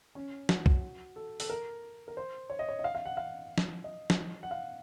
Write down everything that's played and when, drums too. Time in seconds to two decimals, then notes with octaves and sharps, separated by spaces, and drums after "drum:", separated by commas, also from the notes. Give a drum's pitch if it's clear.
0.15 C#4
0.49 F#4, drum: snare
0.66 drum: kick C2
1.16 A4
1.40 A4, drum: open hi-hat
1.50 A#4
2.08 A#4
2.17 C5
2.50 C#5
2.59 D#5
2.69 C#5
2.79 D#5
2.84 F5
2.95 F5
3.05 F#5
3.17 F5
3.58 drum: snare
3.84 D#5
4.10 drum: snare
4.43 F#5
4.51 F5